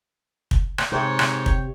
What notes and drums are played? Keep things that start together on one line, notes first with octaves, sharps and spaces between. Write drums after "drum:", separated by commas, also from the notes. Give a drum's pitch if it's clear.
drum: kick
drum: rim click
G#2 C3 C#5 G5
drum: rim click
drum: kick